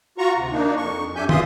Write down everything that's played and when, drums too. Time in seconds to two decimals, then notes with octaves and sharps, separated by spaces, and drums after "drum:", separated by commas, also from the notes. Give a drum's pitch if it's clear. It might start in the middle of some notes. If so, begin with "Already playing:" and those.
0.18 F4 F#4 A#5 C#6
0.35 D2 C3
0.52 A#3 D4 D#4
0.77 F2 C#6
1.15 F#2 D4 G4 E5 G#5 G6
1.29 E3 F4 G#4 E5 C6 D#6, drum: tom